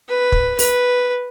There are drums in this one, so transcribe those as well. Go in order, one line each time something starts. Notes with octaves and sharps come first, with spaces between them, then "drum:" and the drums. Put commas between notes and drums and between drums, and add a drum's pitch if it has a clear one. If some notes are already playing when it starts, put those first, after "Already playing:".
B4
drum: kick
B4, drum: open hi-hat